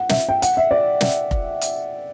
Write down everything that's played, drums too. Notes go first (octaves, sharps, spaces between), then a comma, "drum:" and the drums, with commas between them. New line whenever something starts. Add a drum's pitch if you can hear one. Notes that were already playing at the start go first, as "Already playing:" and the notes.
Already playing: F#5
E5, drum: snare
G5
F#5, drum: hi-hat
E5
D5
drum: snare
drum: kick F1
drum: hi-hat